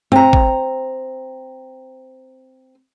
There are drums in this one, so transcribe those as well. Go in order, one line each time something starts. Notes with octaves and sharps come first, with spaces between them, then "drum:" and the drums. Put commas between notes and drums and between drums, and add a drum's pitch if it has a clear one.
C4 A#5, drum: tom G2
drum: kick